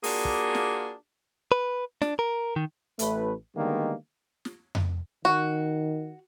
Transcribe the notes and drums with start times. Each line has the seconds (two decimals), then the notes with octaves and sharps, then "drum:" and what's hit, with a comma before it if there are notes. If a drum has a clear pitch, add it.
0.04 A#3 D4 F4 F#4 G#4, drum: open hi-hat
0.25 drum: kick
0.55 drum: snare
1.52 B4
2.02 D4, drum: snare
2.19 A#4
2.56 D#3
2.99 A1 A3 B4, drum: hi-hat
3.55 D3 D#3 G3 G#3 A#3 B3
4.45 drum: snare
4.75 drum: tom F2
5.25 D#3 F#4